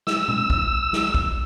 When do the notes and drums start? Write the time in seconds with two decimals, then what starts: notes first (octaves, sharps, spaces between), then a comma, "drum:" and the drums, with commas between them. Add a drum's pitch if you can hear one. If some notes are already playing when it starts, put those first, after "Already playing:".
0.07 E6, drum: snare
0.28 drum: tom A#2
0.50 drum: kick
0.93 drum: snare
1.14 drum: kick